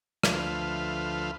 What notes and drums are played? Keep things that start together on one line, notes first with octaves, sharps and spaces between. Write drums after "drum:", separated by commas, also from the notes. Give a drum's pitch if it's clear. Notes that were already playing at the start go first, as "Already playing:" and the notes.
D2 F3 A3 F4 B4 F5, drum: rim click